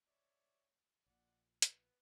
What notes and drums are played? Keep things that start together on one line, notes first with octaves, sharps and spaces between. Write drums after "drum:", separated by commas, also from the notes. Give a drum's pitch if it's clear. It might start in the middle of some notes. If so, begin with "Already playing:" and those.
C#5 D5 E5
A#1 A#2 D5 F#5
B3, drum: hi-hat